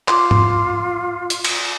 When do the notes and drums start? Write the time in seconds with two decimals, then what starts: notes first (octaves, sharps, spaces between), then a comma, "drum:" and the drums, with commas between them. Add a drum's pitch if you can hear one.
0.08 F4 C6 D6, drum: clap
0.31 drum: tom G#2
1.30 drum: hi-hat
1.44 drum: cymbal